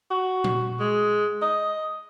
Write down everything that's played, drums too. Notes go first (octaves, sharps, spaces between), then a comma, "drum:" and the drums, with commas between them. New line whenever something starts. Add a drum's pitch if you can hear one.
F#4
drum: tom A#2
G#3
D#5